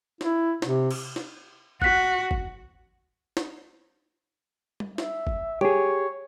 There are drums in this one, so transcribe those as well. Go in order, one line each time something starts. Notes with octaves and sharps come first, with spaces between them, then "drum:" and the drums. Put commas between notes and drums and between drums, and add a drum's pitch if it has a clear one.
E4, drum: snare
C3, drum: snare
drum: cymbal
drum: snare
F#4 F#6 B6, drum: kick G1
drum: kick G1
drum: snare
drum: tom G3
E5, drum: snare
drum: kick G1
G4 G#4 C#5, drum: tom G3